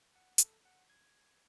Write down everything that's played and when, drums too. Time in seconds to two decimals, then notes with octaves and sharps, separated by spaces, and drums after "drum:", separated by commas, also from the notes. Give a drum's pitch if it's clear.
0.16 F#5
0.38 A4, drum: hi-hat
0.65 F#5
0.90 G#6